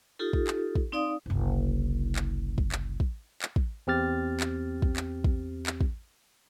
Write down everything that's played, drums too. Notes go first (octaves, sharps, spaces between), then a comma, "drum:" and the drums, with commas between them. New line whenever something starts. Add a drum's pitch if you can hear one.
D#4 F4 G4 A4
drum: kick
drum: clap
drum: kick
C4 D#4 D5 F5 D#6
F#1 C2
drum: clap
drum: kick
drum: clap
drum: kick
drum: clap
drum: kick
E2 C4 G4 F6 A6
drum: clap
drum: kick
drum: clap
drum: kick
drum: clap
drum: kick